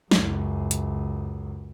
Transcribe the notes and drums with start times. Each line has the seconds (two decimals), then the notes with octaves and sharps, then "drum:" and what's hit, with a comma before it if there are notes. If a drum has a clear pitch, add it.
0.11 C#2 F#2, drum: snare
0.71 drum: hi-hat